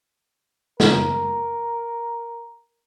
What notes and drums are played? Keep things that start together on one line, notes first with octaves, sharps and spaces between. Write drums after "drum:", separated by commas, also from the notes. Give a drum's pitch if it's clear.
F#2 C#3 B3 A#4, drum: snare